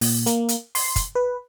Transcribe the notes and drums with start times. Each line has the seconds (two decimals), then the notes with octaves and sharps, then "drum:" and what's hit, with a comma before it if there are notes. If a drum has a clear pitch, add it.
0.01 A#2, drum: open hi-hat
0.26 A#3, drum: hi-hat
0.49 drum: hi-hat
0.75 C6, drum: open hi-hat
0.96 drum: kick, hi-hat
1.15 B4